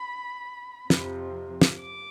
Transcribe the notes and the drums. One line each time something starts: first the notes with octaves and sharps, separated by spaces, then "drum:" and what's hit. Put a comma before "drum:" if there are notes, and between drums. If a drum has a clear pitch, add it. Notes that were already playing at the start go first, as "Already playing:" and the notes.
Already playing: B5
F2 C3 F3, drum: snare
drum: snare
D6